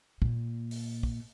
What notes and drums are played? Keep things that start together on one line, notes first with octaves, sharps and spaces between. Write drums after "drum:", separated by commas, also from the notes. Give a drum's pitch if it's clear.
A#2, drum: kick
drum: open hi-hat
drum: kick